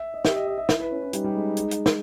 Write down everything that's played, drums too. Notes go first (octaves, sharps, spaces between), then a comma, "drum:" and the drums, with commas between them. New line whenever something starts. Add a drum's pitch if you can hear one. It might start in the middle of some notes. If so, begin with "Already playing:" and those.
Already playing: E5
D#5
G4 E5, drum: snare
D#5
D#5
E5
E4 E5, drum: snare
B4
C#4
C#4
G3 D#4, drum: hi-hat
G3
G#3
G#3, drum: hi-hat
drum: hi-hat
drum: snare